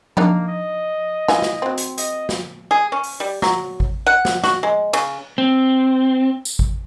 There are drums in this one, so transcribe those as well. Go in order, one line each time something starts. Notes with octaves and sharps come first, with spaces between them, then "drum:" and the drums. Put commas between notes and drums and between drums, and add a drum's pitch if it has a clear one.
A#3 D4 D#4 A#4, drum: tom F3
D#5
E3 F5 G#5, drum: snare
drum: snare
F#3 C4
drum: hi-hat
D#5, drum: hi-hat
drum: snare
G#4
C#4
drum: open hi-hat
G3
F#3, drum: snare
drum: kick G#1
F#5
drum: snare
F#4, drum: snare
G#3
C#3, drum: cymbal
C4
drum: tambourine
drum: kick G#1